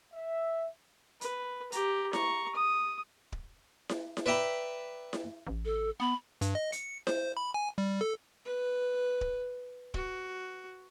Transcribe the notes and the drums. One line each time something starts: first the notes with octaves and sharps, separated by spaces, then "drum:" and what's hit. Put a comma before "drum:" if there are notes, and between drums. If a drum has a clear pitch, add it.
E5
B4, drum: hi-hat
G4 A#5, drum: hi-hat
A#5 C#6, drum: snare E4
D#6
drum: kick D1
drum: snare E4
drum: snare E4
B4 D5 E5 G5 A#5 B5
drum: snare E4
A1
A4
B3 B5
G2, drum: hi-hat
D#5
C#7, drum: hi-hat
C5, drum: snare E4
B5
G#5
G3
A4
B4
drum: kick D1
F#4, drum: kick D1